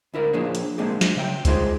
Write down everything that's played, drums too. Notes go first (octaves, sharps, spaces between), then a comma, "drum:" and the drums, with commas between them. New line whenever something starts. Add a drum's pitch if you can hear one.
D2 E4 A#4 D5
F3 A#3 D4 G#4 C#5
drum: hi-hat
G3 G#3 A#3 C4 D4 G#4
G#3, drum: snare
C#3 E5 G5
G3 G#3 D#4 F4 G#4 C5, drum: kick C#2, hi-hat